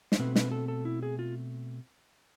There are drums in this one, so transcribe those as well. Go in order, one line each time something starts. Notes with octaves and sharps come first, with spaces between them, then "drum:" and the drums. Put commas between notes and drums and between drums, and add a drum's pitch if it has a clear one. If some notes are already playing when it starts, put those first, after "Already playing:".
C5, drum: snare
B2 A3 C4 B4
B4, drum: snare
A4
A4
E4
G#4
F4